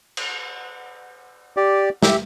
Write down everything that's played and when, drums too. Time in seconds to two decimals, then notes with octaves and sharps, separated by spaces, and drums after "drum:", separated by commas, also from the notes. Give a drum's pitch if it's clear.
0.17 drum: cymbal
1.57 G4 D5
2.03 G4 E5, drum: snare